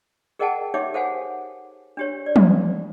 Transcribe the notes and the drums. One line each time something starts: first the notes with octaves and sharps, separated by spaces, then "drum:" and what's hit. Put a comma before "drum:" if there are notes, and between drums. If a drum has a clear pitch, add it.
G#4 A#4 D#5 F#5 G5 A5
D#4 G4 C#5 E5 D6
A4 C5 F5 F#5 G#5
D4 G4 C#5
D5
drum: tom